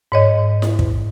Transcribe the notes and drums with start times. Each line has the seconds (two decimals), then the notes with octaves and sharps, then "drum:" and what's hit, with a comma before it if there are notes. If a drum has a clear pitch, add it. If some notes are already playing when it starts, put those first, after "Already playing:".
0.12 G#2 C#5 D#5
0.62 drum: snare E4
0.79 drum: kick